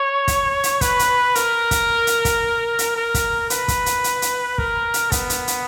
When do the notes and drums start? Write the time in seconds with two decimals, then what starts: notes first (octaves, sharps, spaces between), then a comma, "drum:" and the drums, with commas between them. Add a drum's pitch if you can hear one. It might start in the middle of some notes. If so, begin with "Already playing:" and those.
Already playing: C#5
0.28 drum: kick, hi-hat
0.63 drum: hi-hat
0.81 B4, drum: kick, hi-hat
0.99 drum: hi-hat
1.35 A#4, drum: hi-hat
1.71 drum: kick, hi-hat
2.07 drum: hi-hat
2.25 drum: kick, hi-hat
2.79 drum: hi-hat
2.96 A#4
3.14 drum: kick, hi-hat
3.50 B4, drum: hi-hat
3.68 drum: kick, hi-hat
3.86 drum: hi-hat
4.04 drum: hi-hat
4.22 drum: hi-hat
4.58 A#4, drum: kick
4.94 drum: hi-hat
5.12 B3, drum: kick, hi-hat
5.30 drum: hi-hat
5.48 drum: hi-hat